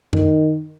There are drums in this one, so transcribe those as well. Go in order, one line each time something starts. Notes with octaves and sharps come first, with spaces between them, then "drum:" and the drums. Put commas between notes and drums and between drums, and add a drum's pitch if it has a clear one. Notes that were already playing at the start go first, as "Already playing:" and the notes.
D#3, drum: tom